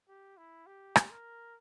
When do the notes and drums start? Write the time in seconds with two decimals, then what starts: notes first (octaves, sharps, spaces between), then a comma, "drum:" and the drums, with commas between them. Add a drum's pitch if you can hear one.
0.08 G4
0.38 E4
0.67 G4
0.96 drum: rim click
1.10 A#4